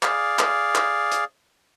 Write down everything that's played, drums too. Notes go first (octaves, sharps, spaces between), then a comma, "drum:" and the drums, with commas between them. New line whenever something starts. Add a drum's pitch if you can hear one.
G#4 D5 F5, drum: clap
drum: clap
drum: clap
drum: hi-hat